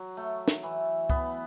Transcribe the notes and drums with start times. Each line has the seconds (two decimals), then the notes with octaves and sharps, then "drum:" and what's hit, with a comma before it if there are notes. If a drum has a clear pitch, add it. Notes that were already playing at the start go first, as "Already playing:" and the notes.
Already playing: F#3
0.17 A3
0.48 drum: snare
0.63 E3
1.10 B3, drum: kick C#2